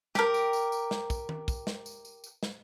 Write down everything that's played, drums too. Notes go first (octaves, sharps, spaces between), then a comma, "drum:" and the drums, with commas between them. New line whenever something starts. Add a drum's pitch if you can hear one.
G4 A#4, drum: snare
drum: tambourine
drum: tambourine
drum: tambourine
drum: snare
drum: kick, tambourine
drum: tom D#3
drum: kick, tambourine
drum: snare
drum: tambourine
drum: tambourine
drum: tambourine
drum: snare